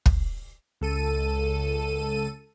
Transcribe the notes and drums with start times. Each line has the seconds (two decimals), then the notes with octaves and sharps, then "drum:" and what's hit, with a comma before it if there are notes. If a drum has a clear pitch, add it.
0.06 drum: kick
0.81 C#2 A4 D#7